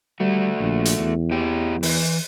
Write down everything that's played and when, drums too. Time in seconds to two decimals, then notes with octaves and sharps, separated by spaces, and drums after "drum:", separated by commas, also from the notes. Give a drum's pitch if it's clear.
0.20 G3 A3 F#4
0.60 A#1
0.85 drum: hi-hat
0.99 E2
1.31 E3 G4 G5
1.83 E3, drum: open hi-hat